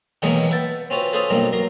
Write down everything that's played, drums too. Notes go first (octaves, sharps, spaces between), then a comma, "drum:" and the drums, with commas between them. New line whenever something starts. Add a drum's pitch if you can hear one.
B2 D#3 E3 F#3 G#3 A#3, drum: open hi-hat
B4 E5 F#5 G5 A5
C4 C#4 F4 F#4 B4
C#4 F4 G#4 A4 B4 C5
G2 B2 F#3 A#3 C4
F#3 A#4 C6